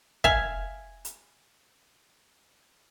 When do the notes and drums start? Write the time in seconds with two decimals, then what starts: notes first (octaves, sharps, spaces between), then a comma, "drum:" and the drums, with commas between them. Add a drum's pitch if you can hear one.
0.24 E5 F5 G#5, drum: kick
1.05 drum: hi-hat